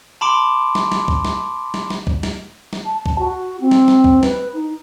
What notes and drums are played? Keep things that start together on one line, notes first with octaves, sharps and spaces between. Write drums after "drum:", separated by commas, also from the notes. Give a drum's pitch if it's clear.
A5 B5 C6 D6 D7
drum: snare
drum: snare
drum: kick
drum: snare
drum: snare
drum: snare
drum: kick
drum: snare
drum: snare
A5
drum: kick
F#4
C4
drum: snare
drum: snare
drum: kick
B4, drum: snare
D#4